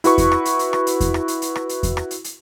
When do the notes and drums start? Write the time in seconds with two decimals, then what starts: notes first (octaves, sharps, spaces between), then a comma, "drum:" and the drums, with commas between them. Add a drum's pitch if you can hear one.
0.04 E4 F#4 B4 C#6, drum: hi-hat
0.18 drum: kick E2, hi-hat
0.32 drum: rim click
0.45 drum: hi-hat
0.59 drum: hi-hat
0.73 drum: rim click
0.87 drum: hi-hat
1.00 drum: kick E2, hi-hat
1.14 drum: rim click
1.28 drum: hi-hat
1.42 drum: hi-hat
1.56 drum: rim click
1.69 drum: hi-hat
1.83 drum: kick E2, hi-hat
1.97 drum: rim click
2.11 drum: hi-hat
2.24 drum: hi-hat